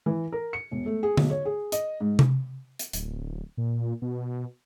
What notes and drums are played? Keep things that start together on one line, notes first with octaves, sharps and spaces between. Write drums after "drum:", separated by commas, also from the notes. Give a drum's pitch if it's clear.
E3
A#4
C#7
E1
A3
G#4
B1, drum: tom D3
C#5
G#4
D#5, drum: hi-hat
G#2
drum: tom C3
drum: hi-hat
D1, drum: hi-hat
A#2
B2